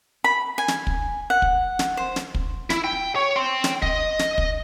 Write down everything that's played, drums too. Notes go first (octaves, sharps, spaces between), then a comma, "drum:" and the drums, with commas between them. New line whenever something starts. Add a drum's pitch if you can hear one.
B5
G#5
drum: snare
drum: kick
F#5
drum: kick
drum: snare
C5
drum: snare
drum: kick
E4, drum: snare
G5
C#5
G5 C6
drum: snare
D#5, drum: kick
drum: snare
drum: kick